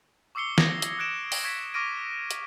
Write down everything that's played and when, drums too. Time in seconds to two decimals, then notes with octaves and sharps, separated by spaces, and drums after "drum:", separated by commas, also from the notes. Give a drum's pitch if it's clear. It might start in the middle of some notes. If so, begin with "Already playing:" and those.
0.35 C#6 D6 E6 C7 C#7 G7
0.58 D#6 G#6 A#6 C#7, drum: snare
0.82 drum: hi-hat
0.98 D#6 F#6 G#6 D7 E7
1.32 drum: open hi-hat
1.44 C#6 G#6 B6
1.74 C#6 D6 F6 A#6 D7 D#7
2.31 drum: hi-hat